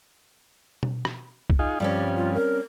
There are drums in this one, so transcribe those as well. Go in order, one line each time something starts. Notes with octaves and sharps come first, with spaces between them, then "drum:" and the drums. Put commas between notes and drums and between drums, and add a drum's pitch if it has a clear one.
drum: tom B2
drum: rim click
drum: kick C2
D#4 F4 G#4
G2 F3 G3 C4 C#4 D5
F4
A#4